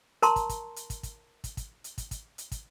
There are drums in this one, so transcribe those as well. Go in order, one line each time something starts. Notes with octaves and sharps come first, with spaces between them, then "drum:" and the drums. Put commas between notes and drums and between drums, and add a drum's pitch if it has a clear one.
A#4 A5 A#5 C6 C#6, drum: hi-hat
drum: kick, hi-hat
drum: kick, hi-hat
drum: hi-hat
drum: kick, hi-hat
drum: kick, hi-hat
drum: kick, hi-hat
drum: kick, hi-hat
drum: hi-hat
drum: kick, hi-hat
drum: kick, hi-hat
drum: hi-hat
drum: kick, hi-hat